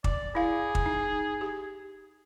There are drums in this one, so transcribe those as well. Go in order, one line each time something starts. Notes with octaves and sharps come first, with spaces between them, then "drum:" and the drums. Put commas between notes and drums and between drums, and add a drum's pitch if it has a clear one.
D5, drum: kick
E4 G#4 F5
drum: kick
D#4
G4